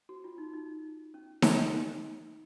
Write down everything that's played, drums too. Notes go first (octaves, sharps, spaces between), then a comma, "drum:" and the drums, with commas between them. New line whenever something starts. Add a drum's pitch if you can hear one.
F#4
F4
D#4
D#4
C#4
drum: snare D#4
D#4